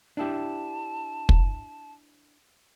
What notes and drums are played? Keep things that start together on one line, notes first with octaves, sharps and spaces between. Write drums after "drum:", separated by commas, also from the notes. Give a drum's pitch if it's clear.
D4 E4 G4 A5
drum: kick